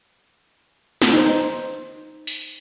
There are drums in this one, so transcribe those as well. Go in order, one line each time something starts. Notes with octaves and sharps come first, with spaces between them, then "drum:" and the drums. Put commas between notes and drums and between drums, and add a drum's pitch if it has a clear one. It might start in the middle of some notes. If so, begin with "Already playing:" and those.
drum: snare
D#4 C5
drum: open hi-hat